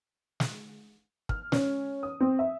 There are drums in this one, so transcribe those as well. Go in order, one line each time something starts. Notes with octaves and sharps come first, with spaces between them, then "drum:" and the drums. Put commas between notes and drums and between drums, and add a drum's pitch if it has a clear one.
drum: snare
F6, drum: kick
C#4, drum: snare
D#6
C4
E5